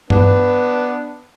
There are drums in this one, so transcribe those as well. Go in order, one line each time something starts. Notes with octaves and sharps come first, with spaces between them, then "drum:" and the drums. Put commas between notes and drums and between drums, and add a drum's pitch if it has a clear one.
B3 D4 B4, drum: tom G2